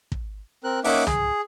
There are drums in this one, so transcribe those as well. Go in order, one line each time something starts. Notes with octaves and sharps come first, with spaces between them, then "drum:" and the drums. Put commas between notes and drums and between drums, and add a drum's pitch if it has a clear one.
drum: kick
C4 A#4 F#6
A#3 C#4 D#4 E5 F#5 D6, drum: open hi-hat
G#4, drum: tom